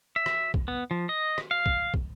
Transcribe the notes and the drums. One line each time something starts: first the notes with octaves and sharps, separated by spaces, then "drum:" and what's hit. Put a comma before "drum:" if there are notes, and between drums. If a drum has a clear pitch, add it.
E5
drum: rim click
drum: kick
B3
F3
D#5
drum: rim click
F5
drum: kick
drum: kick